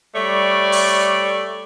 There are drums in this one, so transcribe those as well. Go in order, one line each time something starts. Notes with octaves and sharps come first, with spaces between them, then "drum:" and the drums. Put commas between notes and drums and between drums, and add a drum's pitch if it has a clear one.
G3 A3 C#5 D5
drum: open hi-hat